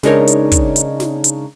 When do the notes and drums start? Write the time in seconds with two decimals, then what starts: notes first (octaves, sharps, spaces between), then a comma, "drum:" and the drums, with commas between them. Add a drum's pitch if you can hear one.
0.03 C#3 G#3 D4 D#4 A#4 C#5, drum: snare
0.27 drum: hi-hat
0.52 drum: kick, hi-hat
0.76 drum: hi-hat
1.00 drum: snare
1.24 drum: hi-hat